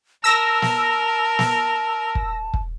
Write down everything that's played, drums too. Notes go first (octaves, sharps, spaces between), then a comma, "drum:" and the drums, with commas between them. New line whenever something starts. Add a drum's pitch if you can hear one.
A#4 A5 E6 A#6
drum: snare
drum: snare
drum: kick
drum: kick